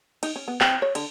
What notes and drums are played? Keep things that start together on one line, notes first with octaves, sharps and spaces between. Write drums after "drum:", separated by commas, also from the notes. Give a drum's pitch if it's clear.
D#4, drum: cymbal
C#4
B3
C4, drum: clap
C#5
D3, drum: cymbal